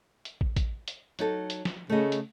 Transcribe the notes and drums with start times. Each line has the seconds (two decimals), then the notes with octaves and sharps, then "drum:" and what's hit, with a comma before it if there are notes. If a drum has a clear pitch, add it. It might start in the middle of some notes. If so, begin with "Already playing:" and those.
0.25 drum: hi-hat
0.41 drum: kick
0.56 drum: kick, hi-hat
0.88 drum: hi-hat
1.19 F#3 D#4 A4, drum: hi-hat
1.50 drum: hi-hat
1.65 drum: snare
1.90 C#3 A3 D#5
2.12 drum: hi-hat